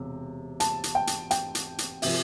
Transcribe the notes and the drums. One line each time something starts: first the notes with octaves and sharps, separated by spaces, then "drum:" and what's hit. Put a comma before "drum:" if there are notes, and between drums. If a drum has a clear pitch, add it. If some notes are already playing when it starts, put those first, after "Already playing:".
Already playing: E1 C3
A5, drum: hi-hat
drum: hi-hat
G5
drum: hi-hat
G5, drum: hi-hat
drum: hi-hat
drum: hi-hat
C3 F3 E5, drum: open hi-hat